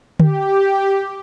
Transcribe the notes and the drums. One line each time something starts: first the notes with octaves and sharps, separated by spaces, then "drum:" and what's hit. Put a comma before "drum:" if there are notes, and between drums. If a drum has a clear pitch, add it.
G4, drum: tom D3